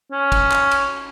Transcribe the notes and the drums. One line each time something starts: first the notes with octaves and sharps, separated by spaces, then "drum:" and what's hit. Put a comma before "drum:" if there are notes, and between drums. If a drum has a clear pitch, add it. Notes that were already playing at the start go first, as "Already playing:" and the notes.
C#4
drum: kick, cymbal
drum: clap
drum: cymbal